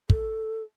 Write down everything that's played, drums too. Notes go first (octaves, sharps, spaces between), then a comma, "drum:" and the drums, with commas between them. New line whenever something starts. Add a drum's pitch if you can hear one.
A4, drum: kick